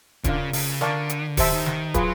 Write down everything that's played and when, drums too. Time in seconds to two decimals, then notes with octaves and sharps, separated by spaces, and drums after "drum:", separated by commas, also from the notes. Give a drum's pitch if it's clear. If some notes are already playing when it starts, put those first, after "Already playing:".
0.24 D3 C#4 F4 A#4 D5 F5, drum: kick, hi-hat
0.38 C#3
0.53 C#3, drum: open hi-hat
0.81 D3 A#4 D5 F5 A5 C#6, drum: snare
1.09 drum: hi-hat
1.37 D#3 G4 C5 E5 A5, drum: kick, open hi-hat
1.52 D#3
1.66 drum: snare
1.94 F#3 F4 G#4 B4, drum: kick, hi-hat